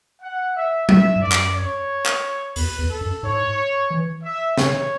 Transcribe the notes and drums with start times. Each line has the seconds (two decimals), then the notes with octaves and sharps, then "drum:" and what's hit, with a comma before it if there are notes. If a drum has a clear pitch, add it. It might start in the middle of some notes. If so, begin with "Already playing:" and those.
0.21 F#5
0.55 E5
0.89 E5, drum: tom
1.16 G#2
1.22 F#2 D5
1.32 drum: clap
1.56 C#5
2.06 drum: clap
2.56 E2 B4, drum: open hi-hat
2.79 E2
2.90 A4
3.01 F#2
3.23 G#2 C#5
3.90 E3
4.23 E5
4.58 C#3 C#5, drum: snare